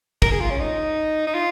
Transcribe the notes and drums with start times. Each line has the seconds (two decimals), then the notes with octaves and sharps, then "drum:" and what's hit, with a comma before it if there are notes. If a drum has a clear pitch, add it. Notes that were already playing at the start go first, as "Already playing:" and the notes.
0.22 A#4, drum: kick
0.32 G#4
0.41 F4
0.50 C#4
0.60 D#4
1.27 D#4
1.35 F4